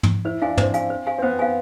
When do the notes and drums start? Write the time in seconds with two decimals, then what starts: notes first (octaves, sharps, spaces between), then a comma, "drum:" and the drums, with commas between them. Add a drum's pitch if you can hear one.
0.03 drum: tom
0.25 E4 C5
0.42 D4 F5 G#5
0.57 C4 C5, drum: tom
0.74 F5 G#5, drum: hi-hat
0.90 C5
1.07 F5 G#5
1.18 C4
1.22 B3 C5
1.39 F5 G#5